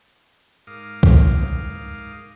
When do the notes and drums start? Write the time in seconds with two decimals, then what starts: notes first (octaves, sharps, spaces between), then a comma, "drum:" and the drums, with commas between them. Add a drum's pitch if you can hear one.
0.67 G#2 A#4 F5 D6 D#6
1.03 drum: kick